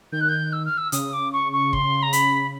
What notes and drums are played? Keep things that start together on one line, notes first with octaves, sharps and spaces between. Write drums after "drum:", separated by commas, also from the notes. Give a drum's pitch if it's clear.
D#3 G6
F#6
G6
E6
F6
E6
C#3 D#6, drum: hi-hat
D6
C#6
C#6
C6, drum: kick
A#5
B5, drum: hi-hat